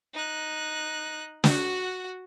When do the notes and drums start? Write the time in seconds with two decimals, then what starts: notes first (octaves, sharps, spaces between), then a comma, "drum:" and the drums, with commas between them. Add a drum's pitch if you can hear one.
0.14 D#4 F#6
1.44 F#4 F#5, drum: snare